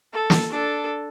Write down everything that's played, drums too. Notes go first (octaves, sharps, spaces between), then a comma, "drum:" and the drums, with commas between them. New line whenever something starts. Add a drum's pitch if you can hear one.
A4
drum: snare
D4 A4